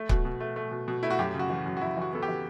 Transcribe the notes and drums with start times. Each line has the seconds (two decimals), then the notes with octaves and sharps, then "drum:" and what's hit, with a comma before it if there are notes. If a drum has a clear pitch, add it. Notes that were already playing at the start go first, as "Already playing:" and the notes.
Already playing: A3
0.09 B2, drum: kick C#1
0.25 B2
0.40 A3
0.56 A3
0.71 B2
0.88 B2
1.03 A3 E4
1.10 F#4
1.19 F#2 G4
1.34 C#3
1.39 F#4
1.49 E3
1.66 F#2
1.77 F#4
1.81 F#2 E4
1.97 E3
2.02 F#4
2.12 B3 A4
2.22 G4
2.28 E3